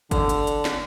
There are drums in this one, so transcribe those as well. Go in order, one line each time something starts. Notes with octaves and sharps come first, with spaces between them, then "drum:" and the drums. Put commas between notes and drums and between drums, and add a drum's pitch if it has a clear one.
D3, drum: kick G1, hi-hat
drum: hi-hat
drum: hi-hat
drum: snare